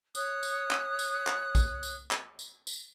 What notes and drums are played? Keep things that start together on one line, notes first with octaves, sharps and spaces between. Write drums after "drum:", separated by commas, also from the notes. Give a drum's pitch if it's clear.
C#5 D#6 F#6, drum: tambourine
drum: tambourine
drum: clap
drum: tambourine
drum: clap
drum: kick, tambourine
drum: tambourine
drum: clap
drum: tambourine
drum: tambourine